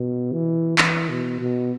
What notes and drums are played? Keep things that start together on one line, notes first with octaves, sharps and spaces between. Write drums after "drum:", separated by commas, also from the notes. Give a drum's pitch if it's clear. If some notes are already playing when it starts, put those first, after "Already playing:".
Already playing: B2
E3
E3, drum: clap
B2
B2